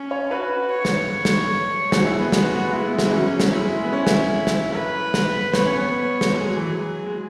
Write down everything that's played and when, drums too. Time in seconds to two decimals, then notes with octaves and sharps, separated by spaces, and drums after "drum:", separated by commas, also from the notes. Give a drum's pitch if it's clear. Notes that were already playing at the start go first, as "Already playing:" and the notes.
Already playing: C#4
0.11 C#5
0.31 F#4 B4
0.72 C#5
0.85 drum: snare
1.25 drum: snare
1.92 F#4 G#4, drum: snare
2.05 E4
2.20 B3
2.32 G#3 F#4, drum: snare
2.43 B3
2.55 G#3
2.65 B3
2.73 G#3 E4
2.87 B3
2.99 G#3, drum: snare
3.06 E3
3.13 F#3 C#4
3.40 drum: snare
3.53 G#3 E4
3.77 G#3
3.84 B3
3.93 C#4
4.07 drum: snare
4.47 drum: snare
4.74 B4
5.14 drum: snare
5.54 B3 C#5, drum: snare
5.66 C#4
5.78 B3
6.21 drum: snare
6.34 G#3 G#4
6.46 F#3
6.56 E3
6.66 F#3
7.06 G#3